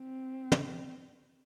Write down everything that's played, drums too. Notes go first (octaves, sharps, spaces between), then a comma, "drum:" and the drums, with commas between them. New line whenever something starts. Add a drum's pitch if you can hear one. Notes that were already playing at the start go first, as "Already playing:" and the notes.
Already playing: C4
drum: tom